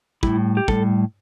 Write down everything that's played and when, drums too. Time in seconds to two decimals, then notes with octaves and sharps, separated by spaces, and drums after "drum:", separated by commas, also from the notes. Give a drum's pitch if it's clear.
0.23 A2 G3 E4, drum: kick
0.57 G4
0.68 A2 G3 A4, drum: kick